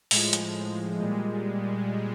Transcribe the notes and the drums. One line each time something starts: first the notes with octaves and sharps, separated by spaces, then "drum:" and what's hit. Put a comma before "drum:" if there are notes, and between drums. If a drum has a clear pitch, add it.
A2 F3 G#3, drum: open hi-hat
drum: hi-hat
A#2 G3 G#3